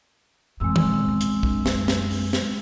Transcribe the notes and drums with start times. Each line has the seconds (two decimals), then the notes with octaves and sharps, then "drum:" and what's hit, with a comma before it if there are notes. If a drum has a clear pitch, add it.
0.60 E2 A#2 G#3 C4 E6
0.76 drum: tom D#3
1.07 C2 B2
1.21 drum: hi-hat
1.43 F#2 D4, drum: kick
1.66 drum: snare
1.88 drum: snare
2.11 drum: open hi-hat
2.33 drum: snare